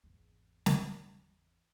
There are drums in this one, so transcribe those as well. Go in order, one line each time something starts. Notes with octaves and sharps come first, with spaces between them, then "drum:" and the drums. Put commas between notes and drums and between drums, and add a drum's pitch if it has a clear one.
G#1 E2
drum: snare